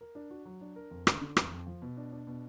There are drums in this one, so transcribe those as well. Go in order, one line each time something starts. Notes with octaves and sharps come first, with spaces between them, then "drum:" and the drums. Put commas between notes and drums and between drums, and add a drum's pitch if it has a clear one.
A#4
D4
F#4
F#3
D4
A#4
F2
D3, drum: rim click
D3
F2, drum: rim click
F2
F3
B2
D4
D4
B2